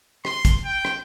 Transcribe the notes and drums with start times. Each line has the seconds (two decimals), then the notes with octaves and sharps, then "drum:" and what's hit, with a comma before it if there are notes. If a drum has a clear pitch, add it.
0.25 C6, drum: rim click
0.45 drum: kick, hi-hat
0.65 G5
0.85 drum: rim click